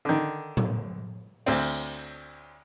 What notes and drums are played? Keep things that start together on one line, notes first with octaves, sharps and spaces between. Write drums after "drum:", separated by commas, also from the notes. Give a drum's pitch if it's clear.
D3 D#3
drum: tom A2
D2 C4, drum: cymbal